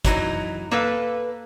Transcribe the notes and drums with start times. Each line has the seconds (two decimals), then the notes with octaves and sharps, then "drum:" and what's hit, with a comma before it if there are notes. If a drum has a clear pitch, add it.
0.05 E3 F#3 D#4, drum: kick, hi-hat
0.71 A#3 A4 B4 F5